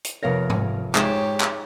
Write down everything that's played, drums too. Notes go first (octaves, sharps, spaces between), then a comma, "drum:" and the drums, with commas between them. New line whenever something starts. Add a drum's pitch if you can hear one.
drum: hi-hat
F1 B3 A#4 C#5 F5 A#6
drum: tom G#2
G#2 G#3 G4 C#5 G#6 E7, drum: clap
drum: clap